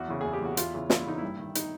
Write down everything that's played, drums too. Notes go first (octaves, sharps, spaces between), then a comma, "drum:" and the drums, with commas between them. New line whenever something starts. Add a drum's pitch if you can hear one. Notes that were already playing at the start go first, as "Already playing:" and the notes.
Already playing: E2 F#4
C#3 E3
E2 G#4
G4
C#3 E3 F#4
E2 F4, drum: hi-hat
C#3 E3
E2 F4, drum: snare
E4
C#3 E3 D#4
G2 E4
D#3
D#4, drum: hi-hat